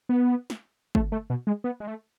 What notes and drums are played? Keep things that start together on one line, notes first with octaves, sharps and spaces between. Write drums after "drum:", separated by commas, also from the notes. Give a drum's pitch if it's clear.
B3
drum: snare
A3, drum: kick
A3
B2
G#3
B3
G#3
A3